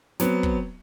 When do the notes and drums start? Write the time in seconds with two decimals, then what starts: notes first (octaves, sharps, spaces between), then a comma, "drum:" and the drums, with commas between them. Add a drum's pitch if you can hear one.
0.20 F#3 B3 C4, drum: snare
0.43 drum: kick